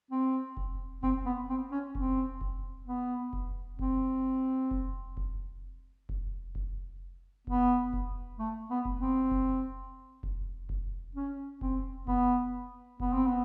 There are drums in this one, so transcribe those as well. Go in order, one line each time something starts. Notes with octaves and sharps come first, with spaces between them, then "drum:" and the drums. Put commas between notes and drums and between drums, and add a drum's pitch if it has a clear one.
C4
drum: kick F1
C4, drum: kick F1
B3
C4
C#4
C4, drum: kick F1
drum: kick F1
B3
drum: kick F1
C4, drum: kick F1
drum: kick F1
drum: kick F1
drum: kick F1
drum: kick F1
B3, drum: kick F1
drum: kick F1
A3
B3
drum: kick F1
C4
drum: kick F1
drum: kick F1
drum: kick F1
C#4
C4, drum: kick F1
B3, drum: kick F1
B3, drum: kick F1
C4
B3